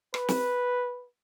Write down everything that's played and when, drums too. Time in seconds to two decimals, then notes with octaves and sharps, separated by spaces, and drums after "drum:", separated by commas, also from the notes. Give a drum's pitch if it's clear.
0.14 B4, drum: rim click
0.28 drum: snare